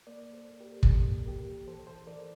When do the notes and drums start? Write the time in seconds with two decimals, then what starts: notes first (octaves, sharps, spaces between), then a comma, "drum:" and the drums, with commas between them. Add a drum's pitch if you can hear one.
0.07 A#3 A#4 D5
0.33 A4 C5
0.47 A#3
0.60 G4 A#4
0.83 G4, drum: kick
0.87 A#3 A4
1.27 E3 G4 A#4
1.67 E3 A4 C5
1.87 A4 C5
2.07 E3 A#4 D5